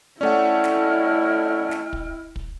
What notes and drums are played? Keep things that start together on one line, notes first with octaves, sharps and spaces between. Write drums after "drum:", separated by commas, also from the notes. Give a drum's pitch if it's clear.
A3 C#4 E4 D5 D#5 F#5 G5 F6
drum: snare
drum: snare
drum: kick
drum: kick